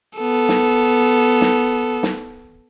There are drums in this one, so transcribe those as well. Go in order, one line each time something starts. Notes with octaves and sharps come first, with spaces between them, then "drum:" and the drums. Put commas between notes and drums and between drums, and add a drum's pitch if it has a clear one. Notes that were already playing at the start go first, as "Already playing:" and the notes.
B3 A4
drum: snare
drum: snare
drum: snare